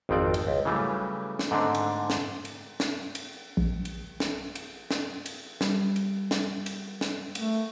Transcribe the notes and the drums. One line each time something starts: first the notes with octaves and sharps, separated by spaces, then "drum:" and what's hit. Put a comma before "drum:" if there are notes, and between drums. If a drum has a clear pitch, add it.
G#1 F2 F3 C4 D5
drum: cymbal
C#2
C#3 E3 F#3 G3 A3
drum: snare
G#2 D3 A3 C4 D4
drum: cymbal
drum: snare
drum: cymbal
drum: snare
drum: cymbal
A#1
drum: cymbal
drum: snare
drum: cymbal
drum: snare
drum: cymbal
G3, drum: snare
drum: cymbal
drum: snare
drum: cymbal
drum: snare
A3, drum: cymbal